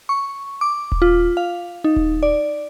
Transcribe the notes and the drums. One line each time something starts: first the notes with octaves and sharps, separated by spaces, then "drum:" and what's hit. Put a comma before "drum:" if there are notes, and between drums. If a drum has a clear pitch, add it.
C#6
D6
drum: kick D#1
F4
F5
D#4
drum: kick D#1
D5